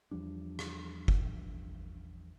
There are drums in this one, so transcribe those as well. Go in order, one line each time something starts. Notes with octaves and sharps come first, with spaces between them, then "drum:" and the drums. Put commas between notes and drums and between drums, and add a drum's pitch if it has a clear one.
E2 F3 G3 D4
drum: rim click
drum: kick